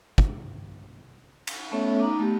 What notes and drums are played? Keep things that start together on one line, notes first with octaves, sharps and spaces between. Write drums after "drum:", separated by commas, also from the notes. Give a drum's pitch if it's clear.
drum: kick
drum: cymbal
A3 B3 C#4 A4 C#5 E5
D#4 A#5 D6
A3 B3 G4